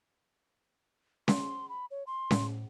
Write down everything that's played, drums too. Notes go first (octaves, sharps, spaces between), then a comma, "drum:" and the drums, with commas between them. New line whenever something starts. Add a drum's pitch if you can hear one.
C6, drum: snare C#4
B5
C#5
C6
A2, drum: snare C#4